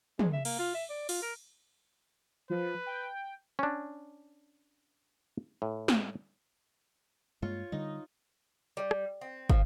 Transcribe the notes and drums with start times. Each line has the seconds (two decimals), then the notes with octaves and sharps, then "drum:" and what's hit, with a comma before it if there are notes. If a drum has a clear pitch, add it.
0.19 G#3, drum: tom
0.33 E5
0.45 A#3, drum: cymbal
0.59 F4
0.75 E5
0.90 D5
1.09 F4, drum: open hi-hat
1.22 A#4
2.50 F3 B4
2.86 G5
3.59 C#4 D4
5.62 A2
5.88 drum: snare
7.42 G2 G#3 A#3 F4 C#5
7.72 D3 G3 D#4
8.77 G3
8.91 drum: rim click
9.21 C4
9.50 F3, drum: kick